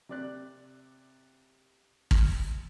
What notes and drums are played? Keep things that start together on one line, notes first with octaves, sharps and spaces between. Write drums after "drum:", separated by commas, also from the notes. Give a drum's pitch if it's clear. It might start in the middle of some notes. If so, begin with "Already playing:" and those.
C3 D5 F#6
drum: kick G#1